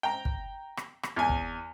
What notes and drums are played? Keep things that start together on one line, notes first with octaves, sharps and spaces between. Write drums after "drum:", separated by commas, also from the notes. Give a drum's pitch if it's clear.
G5 A#5
drum: kick
drum: rim click
drum: rim click
E2 G#5
drum: kick